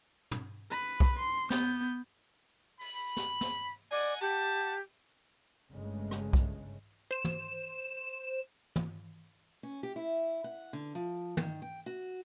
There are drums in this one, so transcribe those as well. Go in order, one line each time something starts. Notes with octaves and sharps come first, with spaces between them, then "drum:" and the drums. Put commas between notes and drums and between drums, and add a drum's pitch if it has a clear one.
drum: tom
B4 B5
drum: kick
C6
B3 G6, drum: snare
B5, drum: open hi-hat
drum: snare
drum: snare
D5 D#5 F#5 G#5, drum: open hi-hat
G4 F#5 A5
G1 C#3 G#3 A3
drum: rim click
drum: kick
C5 E7
drum: tom
drum: tom
C#4
G4
E4
F#5
D3
F3
D#3, drum: tom
G5
F#4